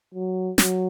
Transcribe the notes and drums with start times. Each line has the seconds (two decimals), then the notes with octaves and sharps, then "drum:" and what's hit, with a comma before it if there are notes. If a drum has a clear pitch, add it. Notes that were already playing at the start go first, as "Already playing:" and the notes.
0.14 F#3
0.58 F#3, drum: snare